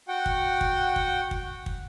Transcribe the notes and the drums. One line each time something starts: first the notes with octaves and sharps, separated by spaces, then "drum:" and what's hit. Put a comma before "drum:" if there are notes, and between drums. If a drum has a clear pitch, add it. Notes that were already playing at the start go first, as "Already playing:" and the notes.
F#4 F#5 G5
drum: kick
drum: kick
drum: kick
drum: kick
drum: kick